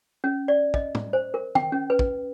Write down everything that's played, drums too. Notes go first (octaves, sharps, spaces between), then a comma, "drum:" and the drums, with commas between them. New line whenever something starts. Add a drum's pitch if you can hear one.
C#4
D5
D#5, drum: kick
drum: tom
C5
A#4
G5, drum: tom
C#4
B4
drum: kick